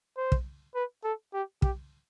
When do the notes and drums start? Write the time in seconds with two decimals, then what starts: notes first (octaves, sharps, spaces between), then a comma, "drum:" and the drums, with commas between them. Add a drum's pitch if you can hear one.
0.17 C5
0.32 drum: kick
0.75 B4
1.04 A4
1.34 G4
1.62 G4, drum: kick